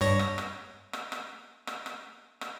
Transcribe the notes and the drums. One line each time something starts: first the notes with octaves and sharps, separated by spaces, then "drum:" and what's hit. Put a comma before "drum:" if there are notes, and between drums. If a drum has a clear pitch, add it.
G2 C#5 A#6
drum: rim click
drum: rim click
drum: rim click
drum: rim click
drum: rim click
drum: rim click
drum: rim click